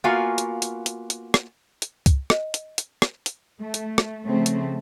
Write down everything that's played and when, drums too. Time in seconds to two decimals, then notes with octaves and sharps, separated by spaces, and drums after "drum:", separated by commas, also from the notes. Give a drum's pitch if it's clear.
0.04 A#3 B3 F4 F#4 F5 G#5
0.38 drum: hi-hat
0.62 drum: hi-hat
0.86 drum: hi-hat
1.10 drum: hi-hat
1.34 drum: rim click
1.82 drum: hi-hat
2.06 drum: kick, hi-hat
2.30 D#5, drum: rim click
2.54 drum: hi-hat
2.78 drum: hi-hat
3.02 drum: rim click
3.26 drum: hi-hat
3.61 A3
3.74 drum: hi-hat
3.98 drum: rim click
4.26 C#3 F3 A3 C4
4.46 drum: hi-hat